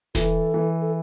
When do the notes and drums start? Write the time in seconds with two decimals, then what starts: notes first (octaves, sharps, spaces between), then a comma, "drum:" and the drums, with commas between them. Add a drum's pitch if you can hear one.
0.15 E3 A4, drum: snare E1
0.54 E3
0.81 A4